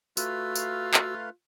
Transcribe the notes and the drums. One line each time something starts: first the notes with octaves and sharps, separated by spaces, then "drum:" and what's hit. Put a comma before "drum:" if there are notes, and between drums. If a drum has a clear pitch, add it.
A3 F4 F#4 B4 F5 E6, drum: tambourine
drum: tambourine
drum: clap